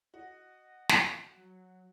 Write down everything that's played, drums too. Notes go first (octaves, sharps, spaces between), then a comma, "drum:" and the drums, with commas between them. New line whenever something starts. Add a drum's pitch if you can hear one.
F#4 D#5
drum: snare
F#3